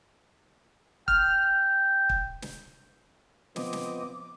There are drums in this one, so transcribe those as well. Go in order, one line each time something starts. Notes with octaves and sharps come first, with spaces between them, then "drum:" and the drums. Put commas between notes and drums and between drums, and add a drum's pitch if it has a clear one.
G5 F6, drum: kick
drum: kick
drum: snare
F3 B3 C4 D#5 D6, drum: snare
drum: snare